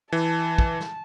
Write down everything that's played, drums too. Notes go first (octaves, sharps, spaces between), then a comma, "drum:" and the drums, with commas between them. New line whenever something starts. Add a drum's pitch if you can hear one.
E3 A5
drum: kick
drum: snare